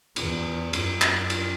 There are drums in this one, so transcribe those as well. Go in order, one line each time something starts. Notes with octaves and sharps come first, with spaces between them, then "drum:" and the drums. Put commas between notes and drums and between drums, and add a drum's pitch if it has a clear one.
E2, drum: cymbal
F#2, drum: cymbal
drum: clap
drum: cymbal